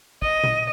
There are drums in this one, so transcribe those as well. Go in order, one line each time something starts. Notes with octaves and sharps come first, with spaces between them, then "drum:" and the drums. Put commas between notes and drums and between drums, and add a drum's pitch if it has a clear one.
D#5, drum: kick
drum: tom A#2